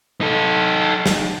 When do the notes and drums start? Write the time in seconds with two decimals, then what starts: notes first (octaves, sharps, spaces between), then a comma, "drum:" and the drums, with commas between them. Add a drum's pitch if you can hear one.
0.21 D#4 A4
1.06 drum: snare